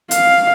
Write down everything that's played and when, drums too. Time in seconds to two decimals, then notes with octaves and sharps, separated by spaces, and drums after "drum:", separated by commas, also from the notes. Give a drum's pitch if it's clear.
0.11 F5, drum: hi-hat